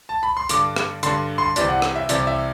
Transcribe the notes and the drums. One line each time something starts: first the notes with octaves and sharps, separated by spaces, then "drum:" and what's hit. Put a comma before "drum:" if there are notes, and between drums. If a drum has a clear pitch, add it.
A5
B5
C6
G2 D3 D6, drum: hi-hat
drum: rim click
G2 D3 C6, drum: hi-hat
C6
C2 C3 E3 D5, drum: hi-hat
F#5
drum: rim click
E5
C2 C3 E3 D5, drum: hi-hat
E5